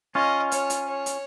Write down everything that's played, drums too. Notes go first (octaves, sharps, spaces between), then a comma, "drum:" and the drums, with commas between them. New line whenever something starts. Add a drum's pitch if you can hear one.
C#4 F4 D#5
C#5, drum: hi-hat
drum: hi-hat
C#5
drum: hi-hat